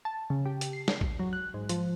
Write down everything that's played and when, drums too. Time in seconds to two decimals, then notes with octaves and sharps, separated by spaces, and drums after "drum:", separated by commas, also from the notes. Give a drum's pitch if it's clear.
0.05 A5
0.30 C#3
0.46 G4
0.61 drum: hi-hat
0.73 C7
0.88 drum: snare
1.01 drum: kick
1.19 F#3
1.33 F#6
1.54 G#2
1.69 F3, drum: hi-hat